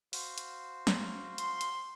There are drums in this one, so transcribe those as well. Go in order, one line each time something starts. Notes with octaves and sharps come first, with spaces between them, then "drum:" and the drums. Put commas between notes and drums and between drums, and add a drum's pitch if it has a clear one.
F#4 C5 F5, drum: open hi-hat
drum: hi-hat
drum: snare
C6, drum: hi-hat
drum: hi-hat